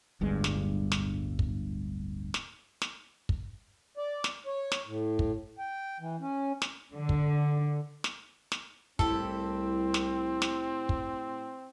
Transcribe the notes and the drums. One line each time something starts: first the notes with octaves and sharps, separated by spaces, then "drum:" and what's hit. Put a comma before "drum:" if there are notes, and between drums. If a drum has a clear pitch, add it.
D1 G1 G2 G#3
drum: snare
drum: snare
drum: kick
drum: snare
drum: snare
drum: kick
D5
drum: snare
C#5
drum: snare
A2
drum: kick
G5
E3
C#4
drum: snare
D3
drum: kick
drum: snare
drum: snare
C2 A2 C4 E4 G4 A4, drum: kick
drum: snare
drum: snare
drum: kick